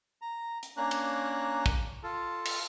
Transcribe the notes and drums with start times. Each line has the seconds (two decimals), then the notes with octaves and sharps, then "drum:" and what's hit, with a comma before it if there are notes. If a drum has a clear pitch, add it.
0.22 A#5
0.63 drum: hi-hat
0.77 A#3 C#4 D4 A#5 F#6
0.91 drum: cymbal
1.66 drum: kick
2.03 F4 A4
2.45 drum: cymbal